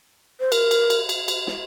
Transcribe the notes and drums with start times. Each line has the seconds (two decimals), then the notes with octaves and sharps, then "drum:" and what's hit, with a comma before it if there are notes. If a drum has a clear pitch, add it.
0.40 C5
0.52 A#4, drum: cymbal
0.71 drum: cymbal
0.90 drum: cymbal
1.09 drum: cymbal
1.28 drum: cymbal
1.47 drum: snare